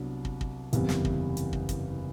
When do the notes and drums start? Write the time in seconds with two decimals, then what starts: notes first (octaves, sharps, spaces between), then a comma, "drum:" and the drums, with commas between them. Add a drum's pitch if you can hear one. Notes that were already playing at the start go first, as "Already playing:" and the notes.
Already playing: C2 C3 F#3 B3 D4
0.25 drum: kick
0.41 drum: kick
0.73 F#1 E2 C3 G3, drum: hi-hat
0.89 drum: snare
1.05 drum: kick
1.37 drum: hi-hat
1.53 drum: kick
1.69 drum: kick, hi-hat